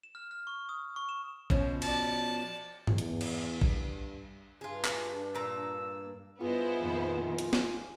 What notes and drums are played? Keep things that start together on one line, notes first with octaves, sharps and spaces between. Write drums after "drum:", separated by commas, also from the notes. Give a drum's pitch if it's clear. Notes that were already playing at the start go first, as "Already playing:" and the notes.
E7
F6
F6
C#6
D#6
C#6
E7
B2 F3 C#4, drum: kick A1
D5 A5, drum: cymbal
drum: tom G2
E2, drum: hi-hat
drum: cymbal
G2, drum: kick A1
G2 D4 F4 G#4
drum: clap
A#2 A5 A#5 E6
G2 B3 E4 F4 G#4 C5 D#5
F2 A#2 D#3
drum: hi-hat
drum: snare